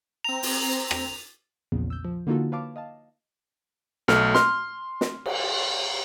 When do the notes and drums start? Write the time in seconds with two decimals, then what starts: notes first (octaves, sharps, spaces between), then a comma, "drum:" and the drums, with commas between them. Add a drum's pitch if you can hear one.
0.24 C4 A#5 F7
0.43 drum: open hi-hat
0.91 drum: rim click
1.72 A#1 E2 A#2 C#3
1.90 E6 G6
2.05 F3
2.27 D3 A#3 D#4 F4 F#4 A4
2.52 B4 C#5 F5 A5 D6
2.76 D#5 F5 A5
4.08 B1 A3 F6, drum: snare
4.35 C6 F6, drum: snare
5.01 drum: snare
5.26 drum: cymbal